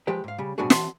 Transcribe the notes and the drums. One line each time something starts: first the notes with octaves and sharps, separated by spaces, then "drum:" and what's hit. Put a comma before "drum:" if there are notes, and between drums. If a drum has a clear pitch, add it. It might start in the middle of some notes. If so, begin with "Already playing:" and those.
F3 G#3 G4 B4 G5
G#2 F5
C#3 G3
G#2 B2 G3 D4 F#4 G#4
E3 A5 C6, drum: snare